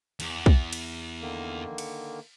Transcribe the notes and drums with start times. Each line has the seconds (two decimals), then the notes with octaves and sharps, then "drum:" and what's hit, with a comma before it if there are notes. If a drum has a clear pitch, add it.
0.20 E2, drum: cymbal
0.46 drum: kick
0.73 drum: cymbal
1.21 D3 D#3 A#3
1.78 drum: cymbal